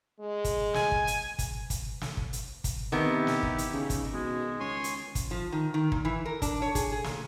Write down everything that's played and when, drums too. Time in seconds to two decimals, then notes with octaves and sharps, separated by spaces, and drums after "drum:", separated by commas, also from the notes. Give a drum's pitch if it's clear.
0.20 G#3
0.45 drum: kick, hi-hat
0.74 G#5, drum: snare
0.92 drum: kick
1.07 drum: hi-hat
1.39 drum: kick, hi-hat
1.70 drum: kick, hi-hat
2.01 drum: snare
2.17 drum: kick
2.33 drum: hi-hat
2.64 drum: kick, hi-hat
2.92 C3 D#3 B3 E4 G4
3.27 drum: snare
3.43 drum: kick
3.58 drum: hi-hat
3.73 C#3
3.90 drum: kick, hi-hat
4.13 B2 G#3
4.60 C#2 C#5 G#5 C6
4.84 drum: hi-hat
5.15 drum: kick, hi-hat
5.31 F3
5.52 D#3
5.74 D#3
5.92 A#2, drum: kick
6.05 E3
6.25 A#4
6.42 D4, drum: kick, hi-hat
6.62 C#5
6.75 G#4, drum: kick, hi-hat
6.92 G#4
7.04 A#2, drum: snare